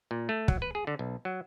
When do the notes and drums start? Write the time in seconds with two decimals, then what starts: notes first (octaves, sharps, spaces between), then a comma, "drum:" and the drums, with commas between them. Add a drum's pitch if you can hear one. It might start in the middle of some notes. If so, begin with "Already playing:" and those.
0.11 A#2
0.29 A3
0.48 F#3, drum: kick
0.62 B4
0.75 G#4
0.87 D3
0.99 B1
1.25 F#3